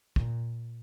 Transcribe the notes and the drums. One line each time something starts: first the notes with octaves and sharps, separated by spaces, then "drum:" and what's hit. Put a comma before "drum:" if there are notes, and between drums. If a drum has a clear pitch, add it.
A#2, drum: kick